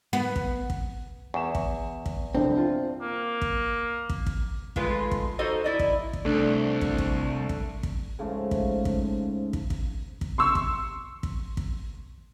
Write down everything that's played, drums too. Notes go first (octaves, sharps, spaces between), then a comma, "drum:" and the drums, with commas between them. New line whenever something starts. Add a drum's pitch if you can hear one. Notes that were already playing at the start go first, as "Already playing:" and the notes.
B3
drum: kick
drum: kick
E2 C#6 E7
drum: kick
drum: kick
C2 F2 C4 D4
F4
A#3
drum: kick
drum: kick
drum: kick
D#3 G#3 A3 F4 G#4 B4, drum: kick
drum: kick
D#4 F#4 A4 C5 D#5
E4 D5 D#5
drum: kick
drum: kick
C2 A3 D4
drum: kick
drum: kick
drum: kick
drum: kick
G#2 C#3 F3 A3
drum: kick
drum: kick
drum: kick
drum: kick
drum: kick
C6 C#6 E6
drum: kick
drum: kick
drum: kick